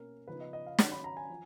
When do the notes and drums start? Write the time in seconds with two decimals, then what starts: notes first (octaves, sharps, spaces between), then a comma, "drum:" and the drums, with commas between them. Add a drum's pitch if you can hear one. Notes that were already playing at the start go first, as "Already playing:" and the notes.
Already playing: B2 A#3 C#4 A#4
0.28 C#3 F3 B3 D#4 B4
0.40 D#5
0.53 D#5
0.66 F5
0.79 D#3 F#3 C#4 C#5, drum: snare
0.92 B5
1.04 A#5
1.17 G#5
1.30 F3